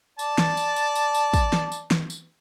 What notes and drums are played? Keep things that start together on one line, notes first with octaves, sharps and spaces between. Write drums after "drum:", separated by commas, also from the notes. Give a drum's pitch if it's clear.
D5 A5, drum: tambourine
drum: snare
drum: tambourine
drum: tambourine
drum: tambourine
drum: tambourine
drum: kick, tambourine
drum: snare
drum: tambourine
drum: snare
drum: tambourine